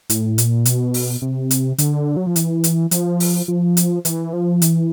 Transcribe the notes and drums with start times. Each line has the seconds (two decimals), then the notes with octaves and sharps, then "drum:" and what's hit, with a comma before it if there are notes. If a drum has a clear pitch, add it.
0.10 A2, drum: hi-hat
0.38 A#2, drum: hi-hat
0.65 B2, drum: hi-hat
0.94 drum: open hi-hat
1.22 C3
1.51 drum: hi-hat
1.78 D3, drum: hi-hat
2.17 F#3
2.27 F3
2.36 E3, drum: hi-hat
2.64 drum: hi-hat
2.91 F3, drum: hi-hat
3.20 drum: open hi-hat
3.48 F3
3.77 drum: hi-hat
4.05 E3, drum: hi-hat
4.33 F3
4.62 E3, drum: hi-hat